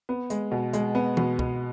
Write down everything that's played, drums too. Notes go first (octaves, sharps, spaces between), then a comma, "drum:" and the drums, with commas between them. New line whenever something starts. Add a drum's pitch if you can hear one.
B3
G#3, drum: hi-hat
B2
G#3, drum: hi-hat
B3
B2, drum: tom E3
B2, drum: kick